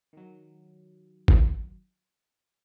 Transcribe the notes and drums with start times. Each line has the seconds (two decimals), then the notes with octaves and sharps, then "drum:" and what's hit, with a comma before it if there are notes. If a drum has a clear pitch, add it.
0.13 D#3 F#3
1.28 drum: kick G1